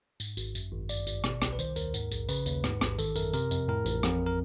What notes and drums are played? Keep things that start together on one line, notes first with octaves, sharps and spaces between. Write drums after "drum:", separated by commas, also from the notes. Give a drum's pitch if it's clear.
G#2, drum: tambourine
G#1, drum: tambourine
F#2, drum: tambourine
G#1
G2 D5, drum: tambourine
G#1, drum: tambourine
B2, drum: rim click
C2, drum: rim click
B4
D#3 C5, drum: tambourine
D#2 A#4, drum: tambourine
G#2, drum: tambourine
A#1, drum: tambourine
C#3 B4, drum: tambourine
D#2, drum: tambourine
G#2, drum: rim click
A1, drum: rim click
D#3 A4, drum: tambourine
F#2 A#4, drum: tambourine
C3 A#4, drum: tambourine
F2, drum: tambourine
A2 A#4
A1, drum: tambourine
F2, drum: rim click
A#4